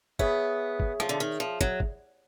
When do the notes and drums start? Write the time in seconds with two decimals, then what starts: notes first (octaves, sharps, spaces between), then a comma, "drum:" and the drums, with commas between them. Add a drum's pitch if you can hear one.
0.19 B3 G#4 C#5 E5, drum: kick
0.80 drum: kick
1.00 F3, drum: rim click
1.09 D3
1.20 D#3
1.40 F3
1.61 F#3, drum: kick
1.80 drum: kick